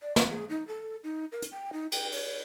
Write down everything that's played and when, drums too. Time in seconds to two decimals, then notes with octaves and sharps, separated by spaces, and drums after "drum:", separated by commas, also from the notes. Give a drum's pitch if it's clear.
0.02 D5
0.16 C#6, drum: snare
0.30 G#4
0.49 D#4
0.68 A4
1.04 D#4
1.32 A#4
1.42 drum: hi-hat
1.52 G5
1.73 D#4
1.92 G5, drum: cymbal
2.12 C#5, drum: open hi-hat